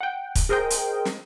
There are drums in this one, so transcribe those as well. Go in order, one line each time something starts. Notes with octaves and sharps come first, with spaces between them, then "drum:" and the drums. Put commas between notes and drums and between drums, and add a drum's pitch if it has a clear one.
F#5 G5
drum: kick, hi-hat
G#4 A#4 C5 D#5 G5
drum: hi-hat
drum: snare